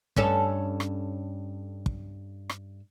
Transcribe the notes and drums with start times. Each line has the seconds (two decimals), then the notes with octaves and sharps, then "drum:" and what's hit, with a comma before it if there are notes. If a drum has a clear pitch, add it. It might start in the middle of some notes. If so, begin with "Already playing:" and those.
0.16 G2 C#4 A4, drum: kick
0.80 drum: rim click
1.86 drum: kick
2.49 drum: rim click